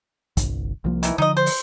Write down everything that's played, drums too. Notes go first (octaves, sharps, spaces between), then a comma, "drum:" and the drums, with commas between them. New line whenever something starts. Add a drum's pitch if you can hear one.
G1 C2, drum: kick, hi-hat
C2 F3 A#3
D#3 E3, drum: hi-hat
D3 F3 D#4 D#5
C5
drum: open hi-hat